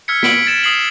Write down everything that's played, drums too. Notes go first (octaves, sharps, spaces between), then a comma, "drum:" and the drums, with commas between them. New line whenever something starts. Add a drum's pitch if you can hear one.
E6 F6 G#6 B6 C#7
B6 D7 F#7, drum: snare
G#6 A6 B6 E7
D#6 C7 F#7